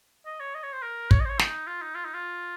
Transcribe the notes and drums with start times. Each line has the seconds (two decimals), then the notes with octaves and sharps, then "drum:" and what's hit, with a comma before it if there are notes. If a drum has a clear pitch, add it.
0.26 D#5
0.40 C#5
0.55 D#5
0.64 C#5
0.73 C5
0.82 A#4
1.11 C#5, drum: kick
1.21 D#5
1.25 C5
1.29 C#5
1.39 D#4, drum: snare
1.67 F4
1.82 D#4
1.95 F4
2.05 D#4
2.14 F4